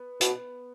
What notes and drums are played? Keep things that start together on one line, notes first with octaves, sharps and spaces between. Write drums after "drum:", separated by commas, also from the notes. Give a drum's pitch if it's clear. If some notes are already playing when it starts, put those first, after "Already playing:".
Already playing: B3
B2, drum: hi-hat